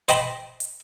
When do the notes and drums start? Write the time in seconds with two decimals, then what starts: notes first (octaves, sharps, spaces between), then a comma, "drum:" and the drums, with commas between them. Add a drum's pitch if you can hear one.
0.08 C5 D#5 G5 A5 B5, drum: hi-hat
0.60 drum: hi-hat